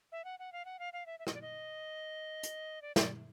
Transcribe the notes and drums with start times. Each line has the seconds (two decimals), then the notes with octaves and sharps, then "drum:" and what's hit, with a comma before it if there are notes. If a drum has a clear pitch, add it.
0.12 E5
0.25 F#5
0.39 F#5
0.53 F5
0.65 F#5
0.79 F5
0.93 F5
1.06 E5
1.19 E5
1.27 D#5, drum: rim click
1.34 D5
1.42 D#5
2.43 drum: hi-hat
2.82 D5
2.96 D5, drum: snare